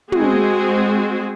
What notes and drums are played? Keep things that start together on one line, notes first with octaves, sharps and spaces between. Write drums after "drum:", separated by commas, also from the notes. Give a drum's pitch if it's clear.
G#3 C4 F#4 G#4, drum: tom